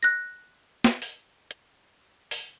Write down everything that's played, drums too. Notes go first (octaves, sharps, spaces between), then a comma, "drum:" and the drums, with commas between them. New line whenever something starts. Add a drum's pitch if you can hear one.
F#6 A#6
drum: snare
drum: open hi-hat
drum: hi-hat
drum: open hi-hat